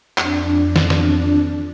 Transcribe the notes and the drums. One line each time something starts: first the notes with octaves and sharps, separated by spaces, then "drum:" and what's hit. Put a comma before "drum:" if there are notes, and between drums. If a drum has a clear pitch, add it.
F2 D4, drum: clap
drum: snare
drum: snare